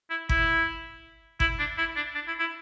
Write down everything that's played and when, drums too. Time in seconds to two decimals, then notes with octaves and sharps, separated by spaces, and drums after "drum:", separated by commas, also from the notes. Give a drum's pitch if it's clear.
0.10 E4
0.29 E4, drum: kick G1
1.40 E4, drum: kick G1
1.59 D4
1.78 E4
1.96 D4
2.14 D4
2.27 E4
2.40 E4